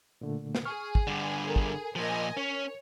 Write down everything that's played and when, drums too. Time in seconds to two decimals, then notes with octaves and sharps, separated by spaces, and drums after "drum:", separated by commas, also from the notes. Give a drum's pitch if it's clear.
0.21 A#2 D3 A3
0.55 drum: snare
0.65 G#4 C#6 F6
0.95 drum: kick
1.07 G2 D3 F#5
1.47 A4 A#4
1.56 drum: kick
1.96 A#2 F3 A#4 D#5 G#5
2.37 C#4 C#5